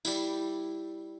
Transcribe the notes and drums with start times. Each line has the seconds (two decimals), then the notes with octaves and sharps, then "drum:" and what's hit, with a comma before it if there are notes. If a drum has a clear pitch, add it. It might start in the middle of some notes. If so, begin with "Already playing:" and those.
0.05 G3 E4, drum: tambourine